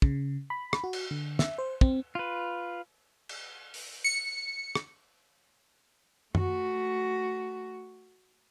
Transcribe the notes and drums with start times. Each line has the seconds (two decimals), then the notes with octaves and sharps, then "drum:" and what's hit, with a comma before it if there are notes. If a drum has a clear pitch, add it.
0.02 C#3, drum: kick
0.50 B5
0.73 drum: rim click
0.84 F#4
0.93 drum: cymbal
1.11 D3
1.39 E5, drum: snare
1.58 C5
1.81 C4, drum: kick
2.15 F4 B4
3.29 drum: cymbal
3.74 drum: open hi-hat
4.04 C#7
4.75 drum: rim click
6.35 A3 F#4, drum: tom F#2